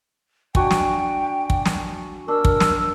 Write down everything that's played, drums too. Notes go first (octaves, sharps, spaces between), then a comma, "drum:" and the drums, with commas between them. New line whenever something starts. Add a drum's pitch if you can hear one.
D4 F#4 G5 G#5, drum: kick
drum: snare
drum: kick
drum: snare
D4 A#4 E6
drum: kick
drum: snare